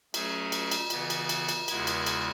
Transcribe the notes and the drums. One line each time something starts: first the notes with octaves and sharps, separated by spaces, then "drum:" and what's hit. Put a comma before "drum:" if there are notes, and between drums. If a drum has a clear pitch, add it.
F#3 A3 C#4 G#4, drum: cymbal
drum: cymbal
drum: cymbal
C#3 E3 B3, drum: cymbal
drum: cymbal
drum: cymbal
drum: cymbal
E2 C#3 G#3 B3 E4, drum: cymbal
drum: cymbal
drum: cymbal